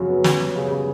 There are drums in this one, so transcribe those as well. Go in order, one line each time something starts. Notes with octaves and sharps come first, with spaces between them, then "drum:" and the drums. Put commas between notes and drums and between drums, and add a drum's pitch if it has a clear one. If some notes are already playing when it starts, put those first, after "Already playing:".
Already playing: F#2 C#3 F#3 C#4
B3
C#4, drum: snare
G3
C#3
C#3